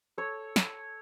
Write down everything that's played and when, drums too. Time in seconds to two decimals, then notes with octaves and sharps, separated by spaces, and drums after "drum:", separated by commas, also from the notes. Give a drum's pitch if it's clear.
0.18 A4 C#5
0.56 drum: snare